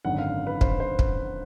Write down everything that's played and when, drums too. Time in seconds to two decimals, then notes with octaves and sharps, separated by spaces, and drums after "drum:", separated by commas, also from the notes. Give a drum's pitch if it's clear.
0.05 G#1 F#2 D3 F#5
0.18 F5
0.47 B4
0.61 C5, drum: kick
0.80 C5
0.99 drum: kick